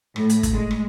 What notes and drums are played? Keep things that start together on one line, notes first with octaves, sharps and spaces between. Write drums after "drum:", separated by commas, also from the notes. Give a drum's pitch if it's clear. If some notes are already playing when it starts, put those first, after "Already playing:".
A2, drum: rim click
drum: hi-hat
drum: kick, hi-hat
G#3
drum: rim click